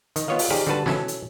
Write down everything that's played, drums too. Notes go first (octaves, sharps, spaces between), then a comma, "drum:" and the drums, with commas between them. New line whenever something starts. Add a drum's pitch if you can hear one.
D#3, drum: hi-hat
B3 F4 C#5 D#5 F5
drum: open hi-hat
D#3 G4 G#4 A#4 C5 D5
D3 G3 F#4 B4 A5
B2 F#3 C#4 E4 A4, drum: snare
drum: hi-hat